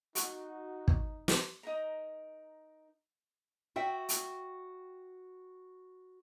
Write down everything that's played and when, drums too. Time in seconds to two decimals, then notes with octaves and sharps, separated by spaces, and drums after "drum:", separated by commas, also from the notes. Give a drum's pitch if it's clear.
0.15 D#4 F#4, drum: hi-hat
0.88 drum: kick
1.28 drum: snare
1.63 D#4 A#4 A#5
3.76 F#4 E5 G5
4.09 drum: hi-hat